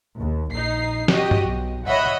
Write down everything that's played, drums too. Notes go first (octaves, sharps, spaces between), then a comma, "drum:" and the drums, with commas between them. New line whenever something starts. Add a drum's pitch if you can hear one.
D#2
A#1 D#4 C7
F#3 F#4 G4 D#5, drum: snare
drum: tom G2
B1
C#5 D#5 E5 F#5 B5